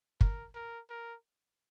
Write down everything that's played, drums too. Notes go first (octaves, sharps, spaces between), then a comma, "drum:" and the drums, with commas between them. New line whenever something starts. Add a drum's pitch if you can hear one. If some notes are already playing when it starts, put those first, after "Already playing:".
A#4, drum: kick
A#4
A#4